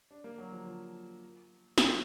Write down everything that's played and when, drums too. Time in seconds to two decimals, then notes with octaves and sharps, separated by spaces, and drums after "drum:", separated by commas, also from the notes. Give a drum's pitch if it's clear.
0.11 D4
0.24 A#3
0.38 F#3
0.52 F3
0.66 F3
1.78 F#3, drum: snare